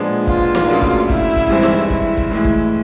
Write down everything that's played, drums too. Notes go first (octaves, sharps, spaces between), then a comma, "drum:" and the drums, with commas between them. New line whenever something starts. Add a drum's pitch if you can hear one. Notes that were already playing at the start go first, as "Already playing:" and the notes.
Already playing: A#2 F3 G#3 B3 D4
F4, drum: kick
drum: snare
D2 C#3 F#3 A#3 D4
drum: kick
E4, drum: kick
drum: kick
G2 E3 G#3 C4
drum: snare
E4, drum: kick
drum: kick
A2 E3 G#3 E4
drum: kick